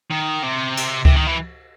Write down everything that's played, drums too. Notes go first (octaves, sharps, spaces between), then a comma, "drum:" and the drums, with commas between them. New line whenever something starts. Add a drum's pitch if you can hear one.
D#3
C3
drum: cymbal
C3, drum: kick C#2
D#3
E3